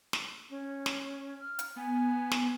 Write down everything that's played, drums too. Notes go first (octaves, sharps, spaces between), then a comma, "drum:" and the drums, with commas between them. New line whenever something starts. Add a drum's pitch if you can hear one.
drum: snare
C#4
drum: snare
F6
drum: hi-hat
B3 G#5
drum: snare